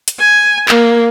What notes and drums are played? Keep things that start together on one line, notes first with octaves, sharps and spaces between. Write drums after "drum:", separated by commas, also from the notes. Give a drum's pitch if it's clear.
drum: hi-hat
G#5
A#3, drum: clap